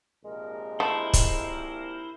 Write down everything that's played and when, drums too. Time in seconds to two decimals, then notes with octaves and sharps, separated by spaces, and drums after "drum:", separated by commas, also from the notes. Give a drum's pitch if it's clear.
0.25 A#1 C3 G#3 A#4
0.80 A3 E4 C5
1.13 drum: kick, hi-hat